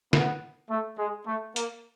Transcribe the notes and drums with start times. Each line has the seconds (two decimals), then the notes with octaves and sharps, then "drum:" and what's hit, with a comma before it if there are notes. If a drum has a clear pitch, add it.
0.13 B3, drum: snare
0.70 A3
0.99 G#3
1.27 A3
1.56 A#3, drum: hi-hat